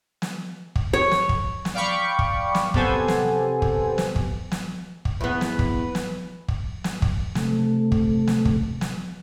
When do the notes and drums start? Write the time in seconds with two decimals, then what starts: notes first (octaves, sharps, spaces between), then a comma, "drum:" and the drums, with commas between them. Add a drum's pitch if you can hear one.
0.22 drum: snare
0.76 drum: kick
0.93 C#5
1.11 drum: snare
1.29 drum: kick
1.65 drum: snare
1.74 D5 F5 G5 B5 C#6 D6
2.19 drum: kick
2.55 drum: snare
2.74 C3 B3 G4 A4 C5 G#5, drum: kick
3.08 drum: snare
3.62 drum: kick
3.98 drum: snare
4.16 drum: kick
4.52 drum: snare
5.05 drum: kick
5.21 E2 B3 B4
5.41 drum: snare
5.59 drum: kick
5.95 drum: snare
6.48 drum: kick
6.84 drum: snare
7.02 drum: kick
7.35 C3 A3, drum: snare
7.92 drum: kick
8.27 drum: snare
8.45 drum: kick
8.81 drum: snare